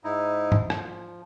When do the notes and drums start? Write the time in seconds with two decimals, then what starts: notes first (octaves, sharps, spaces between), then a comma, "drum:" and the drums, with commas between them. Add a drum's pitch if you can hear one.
0.04 G#2 D#4 E4
0.52 drum: tom G#2
0.70 F3, drum: rim click